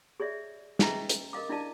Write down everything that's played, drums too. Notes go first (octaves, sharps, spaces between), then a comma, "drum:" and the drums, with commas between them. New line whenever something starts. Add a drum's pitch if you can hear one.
G#4 C#5 D5 E5
C#4 G#4 B4 D#5 E5 A#5, drum: snare
drum: hi-hat
A#4 D#5 F5 D6
D4 E4 D5 F5 A5